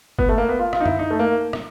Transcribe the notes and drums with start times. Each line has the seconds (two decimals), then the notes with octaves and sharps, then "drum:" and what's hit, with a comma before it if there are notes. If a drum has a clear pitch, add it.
0.19 B3, drum: kick G1
0.29 A3
0.38 A#3
0.49 B3
0.59 F4
0.73 F4, drum: rim click
0.80 D#4
0.86 E4, drum: tom F#2
0.99 D#4
1.11 A3
1.19 A#3
1.53 drum: rim click